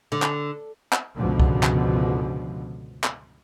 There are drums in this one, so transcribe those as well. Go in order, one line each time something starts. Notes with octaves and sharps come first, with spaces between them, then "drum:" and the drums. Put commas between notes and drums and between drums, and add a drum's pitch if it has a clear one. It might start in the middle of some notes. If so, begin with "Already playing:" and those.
D3
drum: clap
drum: clap
C#2 G2 B2 D3 F3
drum: kick C2
drum: clap
drum: clap